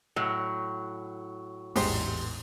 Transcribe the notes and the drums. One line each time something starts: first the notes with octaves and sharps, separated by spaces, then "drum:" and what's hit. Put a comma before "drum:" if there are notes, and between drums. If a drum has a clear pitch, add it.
A2 F#3
A1 E2 G#2 G4 C5, drum: open hi-hat